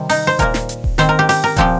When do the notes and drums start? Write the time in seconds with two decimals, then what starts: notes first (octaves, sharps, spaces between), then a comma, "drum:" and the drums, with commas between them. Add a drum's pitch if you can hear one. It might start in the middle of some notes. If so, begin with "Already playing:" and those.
Already playing: C3 D#3 G3 C4
0.09 D#4, drum: open hi-hat
0.27 C5
0.39 A#2 A#3 A#4, drum: kick D#1, hi-hat
0.54 drum: snare
0.69 drum: hi-hat
0.84 drum: kick D#1
0.98 D#3 C4 C5, drum: snare
1.09 A#4
1.19 G4
1.29 G4, drum: open hi-hat
1.44 A#4
1.57 A#2 F3 C4 G4, drum: kick D#1, hi-hat